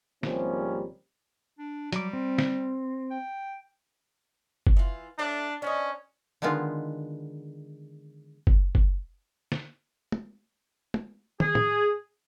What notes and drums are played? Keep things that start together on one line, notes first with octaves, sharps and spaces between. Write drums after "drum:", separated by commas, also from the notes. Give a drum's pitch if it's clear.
G#1 C3 F3 G3 A#3 C#4, drum: snare
D4
F#3 G3 D6, drum: hi-hat
C4
drum: snare
G5
drum: kick F#1
E3 F4
D4 A4 C#5 E5
C#4 D4 C5 D#5
D3 D#3 G#3 B3 F4
drum: kick F#1
drum: kick F#1
drum: snare
drum: tom
drum: tom
G#4, drum: tom
drum: tom